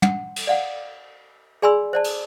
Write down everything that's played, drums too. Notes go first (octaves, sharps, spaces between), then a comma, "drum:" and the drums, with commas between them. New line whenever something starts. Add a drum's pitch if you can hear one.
F#5, drum: tom
drum: cymbal
D5 F5 F#5
G#4 D5 G#5 B5 C6 E6
C5 D5 A5
drum: cymbal